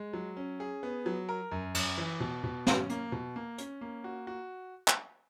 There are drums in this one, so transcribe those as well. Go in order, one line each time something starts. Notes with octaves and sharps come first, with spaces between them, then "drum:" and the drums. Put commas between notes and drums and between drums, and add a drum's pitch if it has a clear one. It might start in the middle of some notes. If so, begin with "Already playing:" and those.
Already playing: G#3
F#3
C#4
G#4
B3
F#3
A#4
F#2
F#2, drum: cymbal
E3
B2
B2
C#4, drum: snare
A#3, drum: hi-hat
B2
A#3
C#4, drum: hi-hat
A#3
F#4
F#4
drum: clap